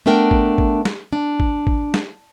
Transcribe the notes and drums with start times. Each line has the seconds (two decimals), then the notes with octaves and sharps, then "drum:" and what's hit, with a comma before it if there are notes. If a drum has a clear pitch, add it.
0.06 A3 B3 D4 A#4 G5
0.31 drum: kick G#1
0.58 drum: kick G#1
0.85 drum: snare
1.13 D4
1.40 drum: kick G#1
1.67 drum: kick G#1
1.94 drum: snare